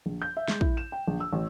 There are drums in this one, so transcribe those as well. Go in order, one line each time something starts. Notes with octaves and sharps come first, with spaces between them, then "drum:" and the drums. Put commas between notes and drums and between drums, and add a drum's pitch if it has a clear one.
A#1
G6
E5
G#3, drum: snare
E4, drum: kick
E7
G5
A#1
E6
A1